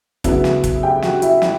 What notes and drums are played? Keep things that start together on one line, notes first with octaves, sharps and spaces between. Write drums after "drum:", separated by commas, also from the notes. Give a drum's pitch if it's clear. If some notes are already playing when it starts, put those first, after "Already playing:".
D2 C#3 F#3 B3 E4 E5, drum: kick, hi-hat
drum: snare
drum: kick, hi-hat
G4 G5
F#4 F#5, drum: snare
E4 E5, drum: hi-hat
E4 E5, drum: snare